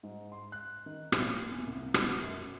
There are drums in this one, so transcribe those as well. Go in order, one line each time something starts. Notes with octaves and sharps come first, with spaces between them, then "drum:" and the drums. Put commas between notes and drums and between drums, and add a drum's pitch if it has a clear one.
G#2
C6
F#6
D#3
B1, drum: rim click
A#2
E2
C2
B2, drum: rim click
F#2